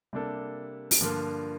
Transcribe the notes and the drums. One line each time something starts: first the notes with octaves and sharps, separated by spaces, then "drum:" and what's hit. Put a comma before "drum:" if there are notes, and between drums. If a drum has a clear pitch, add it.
C3 G3 A#3 D4 A4
drum: open hi-hat
G2 D3 F3 A#3 F4